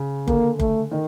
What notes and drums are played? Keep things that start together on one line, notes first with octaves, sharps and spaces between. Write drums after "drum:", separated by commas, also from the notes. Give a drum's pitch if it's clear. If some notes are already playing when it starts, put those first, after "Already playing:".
Already playing: C#3
D3 A#3, drum: kick F#1
A3, drum: kick F#1
D#3